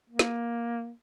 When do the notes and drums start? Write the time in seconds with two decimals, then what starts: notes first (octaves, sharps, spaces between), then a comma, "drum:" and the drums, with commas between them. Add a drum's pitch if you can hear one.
0.10 A#3
0.19 drum: snare